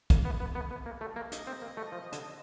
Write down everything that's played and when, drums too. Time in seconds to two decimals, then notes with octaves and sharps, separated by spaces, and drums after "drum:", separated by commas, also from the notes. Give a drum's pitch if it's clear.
0.10 A#3, drum: kick, hi-hat
0.25 B3
0.40 B3
0.55 B3
0.71 B3
0.86 A#3
1.01 A3
1.16 A#3
1.32 D#5, drum: hi-hat
1.47 C4
1.62 A#3
1.77 A3
1.92 F3
2.12 D3, drum: hi-hat